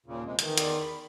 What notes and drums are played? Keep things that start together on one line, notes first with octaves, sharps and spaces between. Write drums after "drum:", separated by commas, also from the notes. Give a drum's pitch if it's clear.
D#2 A#2 C#3
C3 G#3
D#3 E3, drum: hi-hat
E2 D5 C6, drum: hi-hat
B5